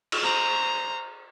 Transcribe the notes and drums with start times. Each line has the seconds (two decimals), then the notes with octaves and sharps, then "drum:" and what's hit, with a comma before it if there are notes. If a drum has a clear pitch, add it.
0.12 drum: cymbal
0.23 C5 A#5